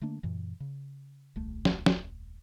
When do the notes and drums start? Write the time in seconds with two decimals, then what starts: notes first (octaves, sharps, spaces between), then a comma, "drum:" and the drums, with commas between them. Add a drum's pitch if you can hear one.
0.01 D3 A3 A#3 D4
0.23 F#2 A#2 E3
0.60 C#3
1.36 D#1 C2 A3
1.65 drum: snare
1.86 drum: snare